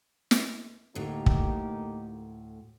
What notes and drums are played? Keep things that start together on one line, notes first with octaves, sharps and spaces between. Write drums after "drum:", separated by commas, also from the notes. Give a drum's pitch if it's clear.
drum: snare
D2 A2 A#3 D#4 G4
drum: kick